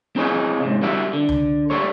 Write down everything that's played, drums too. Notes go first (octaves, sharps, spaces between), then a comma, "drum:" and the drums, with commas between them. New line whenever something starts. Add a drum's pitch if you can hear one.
C4 E4 G#4 C#5 D#5
G#2 C3
G3 E4 F#4 E5
D3
drum: tom C#2
G3 A4 C#5